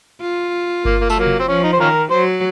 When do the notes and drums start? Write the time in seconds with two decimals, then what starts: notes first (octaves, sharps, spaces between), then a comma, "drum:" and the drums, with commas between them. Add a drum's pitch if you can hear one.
0.21 F4
0.85 A#3, drum: kick G1
1.01 A#3
1.10 A3, drum: tambourine
1.16 F#3 A#3
1.26 drum: tom C3
1.39 C4
1.48 F3 C#4
1.64 D#4
1.73 C5
1.80 D#3 C#4 F4 A#4
2.11 F#3 C5